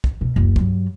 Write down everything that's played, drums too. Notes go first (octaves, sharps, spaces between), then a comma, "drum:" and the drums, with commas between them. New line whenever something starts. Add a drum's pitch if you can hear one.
drum: kick
B2
F#1 D2
G2 F#3, drum: kick